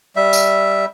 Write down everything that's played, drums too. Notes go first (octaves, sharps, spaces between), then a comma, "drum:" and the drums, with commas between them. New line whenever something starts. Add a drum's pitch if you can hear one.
G3 E5
drum: tambourine